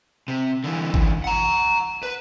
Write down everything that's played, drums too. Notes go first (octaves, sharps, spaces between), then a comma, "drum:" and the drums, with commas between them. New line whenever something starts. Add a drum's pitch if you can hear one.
C3
D3 E3
drum: kick G1
F#5 A#5
B4